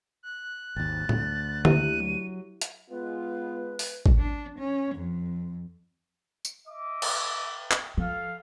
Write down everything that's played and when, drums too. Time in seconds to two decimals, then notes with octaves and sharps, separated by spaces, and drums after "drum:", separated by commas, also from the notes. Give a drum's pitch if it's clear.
0.23 F#6
0.76 G#1 D#2 A6
1.09 D2, drum: tom A2
1.65 E4 G4 E5 D#7, drum: tom D3
2.00 F#3
2.61 drum: hi-hat
2.90 G#3 B3 F4 B4
3.79 drum: open hi-hat
4.06 drum: kick G#1
4.19 D4
4.59 C#4
4.95 F2
6.45 drum: tambourine
6.68 D#5 E5 D6
7.02 drum: cymbal
7.71 drum: clap
7.97 F3 A4 F5